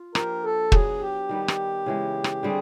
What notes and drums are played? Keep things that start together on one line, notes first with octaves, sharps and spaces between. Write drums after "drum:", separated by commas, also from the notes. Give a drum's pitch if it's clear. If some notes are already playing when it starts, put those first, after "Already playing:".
Already playing: F4
F3 A#3 D4 G4 A#4, drum: rim click
A4
F#3 B3 D4 G#4, drum: kick
G4
D#3 G3 B3
drum: rim click
C#3 E3 G#3
drum: rim click
D3 G3 C4 G#4